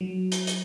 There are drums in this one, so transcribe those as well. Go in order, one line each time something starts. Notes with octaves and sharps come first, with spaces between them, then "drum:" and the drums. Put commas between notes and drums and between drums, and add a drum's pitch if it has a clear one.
F#3
drum: hi-hat
drum: hi-hat